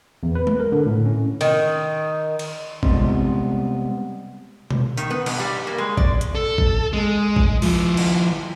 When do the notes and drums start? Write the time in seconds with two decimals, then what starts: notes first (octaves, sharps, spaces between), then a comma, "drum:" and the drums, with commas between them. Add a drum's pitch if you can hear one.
0.23 E2
0.35 B4
0.47 drum: tom G#3
0.60 A#4
0.72 D3
0.87 A2
1.06 C#4
1.41 D#3, drum: cymbal
2.39 drum: cymbal
2.83 C3 G3 G#3 B3 C4, drum: kick
4.71 drum: tom B2
4.97 D#3, drum: tambourine
5.10 B3
5.26 G2, drum: cymbal
5.40 G3
5.67 A#3
5.78 G#3
5.97 D5, drum: kick
6.21 drum: hi-hat
6.35 A4
6.58 drum: kick
6.93 G#3
7.36 drum: kick
7.62 F3 E4, drum: open hi-hat
7.97 drum: cymbal